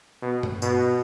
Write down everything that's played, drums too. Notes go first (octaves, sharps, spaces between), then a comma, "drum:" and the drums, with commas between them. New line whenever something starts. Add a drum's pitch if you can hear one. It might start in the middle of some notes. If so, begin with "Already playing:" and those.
B2
drum: tom G2
B2, drum: tambourine